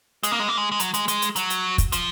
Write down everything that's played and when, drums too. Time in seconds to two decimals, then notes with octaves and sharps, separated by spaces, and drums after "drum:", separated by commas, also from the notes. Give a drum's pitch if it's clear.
0.23 G#3, drum: hi-hat
0.31 A#3
0.40 G#3
0.48 A#3
0.57 G#3
0.72 G#3
0.80 F#3, drum: hi-hat
0.94 G#3, drum: hi-hat
1.08 G#3, drum: hi-hat
1.22 drum: hi-hat
1.36 F#3, drum: hi-hat
1.50 drum: hi-hat
1.78 drum: kick, hi-hat
1.92 F3, drum: hi-hat